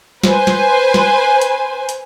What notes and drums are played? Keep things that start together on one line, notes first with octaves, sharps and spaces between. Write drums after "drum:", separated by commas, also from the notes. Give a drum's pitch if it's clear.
B4 C5 G#5, drum: snare
drum: snare
drum: snare
drum: hi-hat
drum: hi-hat